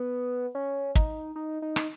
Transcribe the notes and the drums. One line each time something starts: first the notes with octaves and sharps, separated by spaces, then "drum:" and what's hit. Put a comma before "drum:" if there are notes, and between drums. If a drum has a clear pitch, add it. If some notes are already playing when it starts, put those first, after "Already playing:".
Already playing: B3
C#4
D#4, drum: kick
D#4
D#4
drum: rim click